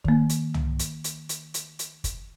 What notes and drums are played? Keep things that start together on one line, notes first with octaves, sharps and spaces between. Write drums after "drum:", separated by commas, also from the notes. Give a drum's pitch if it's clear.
D#3 A#3, drum: kick
drum: hi-hat
drum: tom
drum: hi-hat
drum: hi-hat
drum: hi-hat
drum: hi-hat
drum: hi-hat
drum: kick, hi-hat